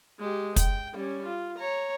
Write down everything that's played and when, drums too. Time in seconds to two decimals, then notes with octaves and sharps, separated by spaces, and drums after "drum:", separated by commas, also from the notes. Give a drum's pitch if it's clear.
0.19 G#3 G4
0.56 G5, drum: kick, hi-hat
0.94 G3 C#4
1.27 F4
1.59 C#5 A#5